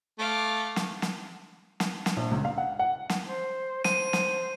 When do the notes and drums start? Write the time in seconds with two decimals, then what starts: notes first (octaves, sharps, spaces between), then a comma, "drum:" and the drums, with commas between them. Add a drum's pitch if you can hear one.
0.19 A3 F5 D6
0.76 drum: snare
1.02 drum: snare
1.80 drum: snare
2.06 drum: snare
2.17 A#1
2.31 C#2
2.45 F5
2.58 F#5
2.79 F#5
3.09 drum: snare
3.28 C5
3.84 C5 D#7, drum: snare
4.13 drum: snare